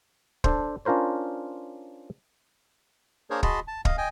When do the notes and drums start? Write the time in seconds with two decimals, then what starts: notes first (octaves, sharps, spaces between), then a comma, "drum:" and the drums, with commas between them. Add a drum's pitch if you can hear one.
0.44 D4 A4 C5, drum: kick
0.85 C#4 D4 F4 A#4 C5 C#5
3.30 A#3 D4 G#4 A#4 C5 C#5
3.43 F#4 G#4 D#5 A5 B5 C6, drum: kick
3.68 A5
3.85 D#5 F5, drum: kick
3.98 D#5 G5 G#5